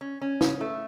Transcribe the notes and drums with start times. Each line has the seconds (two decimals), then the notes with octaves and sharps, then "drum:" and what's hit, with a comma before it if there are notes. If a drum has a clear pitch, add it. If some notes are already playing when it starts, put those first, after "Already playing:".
0.01 C#4
0.21 C#4
0.41 C#3, drum: snare
0.61 A3